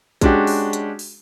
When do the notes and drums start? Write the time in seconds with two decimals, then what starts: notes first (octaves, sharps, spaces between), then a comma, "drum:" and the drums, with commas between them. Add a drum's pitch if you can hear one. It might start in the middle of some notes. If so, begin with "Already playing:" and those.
0.21 G#3 C#4 D4 F#4 G4, drum: kick, hi-hat
0.47 drum: open hi-hat
0.73 drum: hi-hat
0.99 drum: open hi-hat